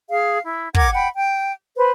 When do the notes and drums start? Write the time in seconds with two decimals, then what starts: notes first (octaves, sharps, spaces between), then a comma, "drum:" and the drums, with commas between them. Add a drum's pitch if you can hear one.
0.10 G#4 F5
0.45 E4
0.75 A#4 F#5 D6 G#6, drum: kick
0.93 F#5 G5 B5
1.15 G5
1.77 B4 C5